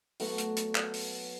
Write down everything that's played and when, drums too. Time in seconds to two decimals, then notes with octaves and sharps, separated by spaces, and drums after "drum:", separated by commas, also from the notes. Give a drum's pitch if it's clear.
0.20 F#3 A3 B3, drum: open hi-hat
0.38 drum: hi-hat
0.57 drum: hi-hat
0.75 drum: clap
0.94 drum: open hi-hat